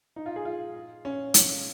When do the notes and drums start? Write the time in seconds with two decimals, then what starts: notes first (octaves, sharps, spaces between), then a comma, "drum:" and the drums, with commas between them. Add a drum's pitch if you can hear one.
0.16 D#4
0.26 F4
0.36 G#4
0.45 F4
1.05 C#4
1.34 drum: hi-hat